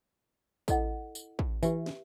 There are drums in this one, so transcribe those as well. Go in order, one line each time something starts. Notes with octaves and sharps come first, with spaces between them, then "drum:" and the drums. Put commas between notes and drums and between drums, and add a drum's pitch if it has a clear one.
E4 A4 D#5 F#5, drum: kick, tambourine
drum: tambourine
drum: kick
E3 G4 B4 E5, drum: tambourine
drum: snare